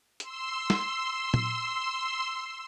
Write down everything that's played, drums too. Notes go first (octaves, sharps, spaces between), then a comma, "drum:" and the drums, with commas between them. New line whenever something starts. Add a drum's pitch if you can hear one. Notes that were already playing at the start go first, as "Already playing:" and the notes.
C6 E6, drum: hi-hat
drum: snare
drum: tom A#2